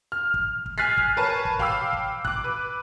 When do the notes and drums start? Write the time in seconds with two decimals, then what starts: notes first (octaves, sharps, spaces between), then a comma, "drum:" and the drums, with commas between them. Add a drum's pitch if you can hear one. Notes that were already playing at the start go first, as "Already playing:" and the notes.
0.12 F6
0.34 drum: kick
0.66 drum: kick
0.78 G#5 F6 F#6 A6 B6 C7
0.97 drum: kick
1.17 A#4 B4 C#5 A5
1.45 drum: kick
1.59 F5 G5 B5 D6 E6, drum: kick
1.93 drum: kick
2.25 D6 F#6, drum: kick
2.44 B4